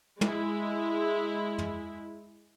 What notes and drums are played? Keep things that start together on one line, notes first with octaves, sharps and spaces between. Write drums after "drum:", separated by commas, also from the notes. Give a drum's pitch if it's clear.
G#3 E4, drum: tom
drum: tom